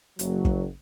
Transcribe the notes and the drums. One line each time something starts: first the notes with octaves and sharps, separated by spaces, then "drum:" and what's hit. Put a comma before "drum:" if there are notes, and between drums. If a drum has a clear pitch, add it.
F#1 F#3, drum: hi-hat
drum: kick